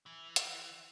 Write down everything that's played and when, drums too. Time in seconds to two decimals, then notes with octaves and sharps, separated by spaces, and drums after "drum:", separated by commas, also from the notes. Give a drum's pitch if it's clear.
0.06 E3
0.36 drum: hi-hat